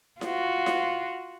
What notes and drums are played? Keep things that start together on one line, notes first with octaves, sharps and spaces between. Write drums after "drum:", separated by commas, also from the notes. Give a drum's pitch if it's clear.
F4 F#4, drum: snare E4
drum: snare E4